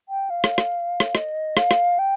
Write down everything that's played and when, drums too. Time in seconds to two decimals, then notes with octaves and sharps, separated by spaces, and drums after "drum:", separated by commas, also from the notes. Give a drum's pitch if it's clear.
0.09 G5
0.30 F5
0.44 drum: rim click
0.58 drum: rim click
1.00 drum: rim click
1.15 D#5, drum: rim click
1.57 F5, drum: rim click
1.71 drum: rim click
1.99 G5